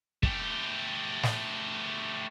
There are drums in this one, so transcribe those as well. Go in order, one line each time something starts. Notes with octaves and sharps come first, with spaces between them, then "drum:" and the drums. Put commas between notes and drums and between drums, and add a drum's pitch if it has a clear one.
A3 G4, drum: kick
drum: snare